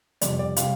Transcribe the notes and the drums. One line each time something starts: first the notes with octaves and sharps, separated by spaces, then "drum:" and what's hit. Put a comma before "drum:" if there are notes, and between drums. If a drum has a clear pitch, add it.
F2 C3 G3 D5, drum: hi-hat
D5
C3 G3 F5, drum: hi-hat